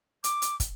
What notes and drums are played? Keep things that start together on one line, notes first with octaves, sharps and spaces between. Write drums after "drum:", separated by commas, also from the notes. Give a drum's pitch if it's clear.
D6, drum: hi-hat
drum: hi-hat
drum: kick, hi-hat